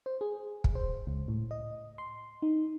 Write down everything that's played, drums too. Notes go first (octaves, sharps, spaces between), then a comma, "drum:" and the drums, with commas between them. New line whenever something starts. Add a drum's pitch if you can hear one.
C5
G#4
drum: kick
C5
C#2
A2
D#5
C6
D#4